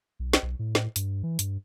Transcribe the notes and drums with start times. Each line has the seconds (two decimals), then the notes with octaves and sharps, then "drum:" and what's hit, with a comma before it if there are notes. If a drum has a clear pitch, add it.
0.20 B1
0.33 drum: snare
0.43 B1
0.59 A2
0.75 drum: snare
0.96 G2, drum: hi-hat
1.23 E3
1.39 G2, drum: hi-hat